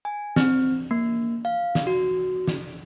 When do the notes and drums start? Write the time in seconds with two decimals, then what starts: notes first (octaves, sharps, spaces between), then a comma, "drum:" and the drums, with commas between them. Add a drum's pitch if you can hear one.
0.05 G#5
0.36 C4, drum: snare
0.91 A#3
1.45 F5
1.75 drum: snare
1.87 F#4
2.48 drum: snare